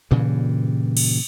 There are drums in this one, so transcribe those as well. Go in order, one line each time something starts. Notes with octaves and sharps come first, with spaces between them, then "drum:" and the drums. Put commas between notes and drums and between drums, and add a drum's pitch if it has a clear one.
G2 A#2 C#3 E3
drum: cymbal